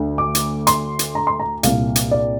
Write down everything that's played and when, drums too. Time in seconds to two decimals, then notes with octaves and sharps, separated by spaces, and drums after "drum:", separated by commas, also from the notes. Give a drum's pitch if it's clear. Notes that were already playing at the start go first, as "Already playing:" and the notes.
Already playing: D2 D3
0.18 D6
0.35 drum: hi-hat
0.67 C6, drum: hi-hat
0.99 drum: hi-hat
1.15 A#5
1.27 C6
1.40 A#5
1.63 C2 A#2 F5, drum: hi-hat
1.96 drum: hi-hat
2.11 D5